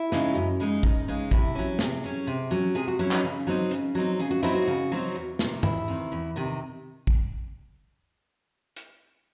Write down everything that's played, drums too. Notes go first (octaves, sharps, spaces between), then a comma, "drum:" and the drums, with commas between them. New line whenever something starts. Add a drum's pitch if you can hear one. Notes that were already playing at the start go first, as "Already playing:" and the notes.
Already playing: E4
C#3 G#3 D#4, drum: snare
F#2
C#3 G#3 D#4
F#2 D#4, drum: kick A1
C#3 G#3 D#4
C3 E4, drum: kick A1
F#3 C#4
C3 G#4, drum: snare
F#3 C#4
C3
F#3 C#4
C3 G#4
F#4
F#3 C#4 E4
D#4, drum: clap
C#3
F#3 C4 D#4
C#3, drum: hi-hat
F#3 C4 D#4
C#3 G#4
F#4
F#3 C4 D#4 E4
F#4
C#3
F#3 C4 D#4
E2
C3 D#3, drum: snare
E2 E4, drum: tom G2
C3 D#3
E2
C3 D#3
drum: kick A1
drum: hi-hat